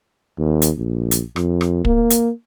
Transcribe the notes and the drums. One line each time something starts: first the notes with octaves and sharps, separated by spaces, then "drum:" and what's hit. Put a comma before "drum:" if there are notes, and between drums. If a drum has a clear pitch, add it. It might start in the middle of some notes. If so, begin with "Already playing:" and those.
D#2
drum: hi-hat
A#1
drum: hi-hat
F2, drum: rim click
drum: rim click
A#3, drum: kick
drum: hi-hat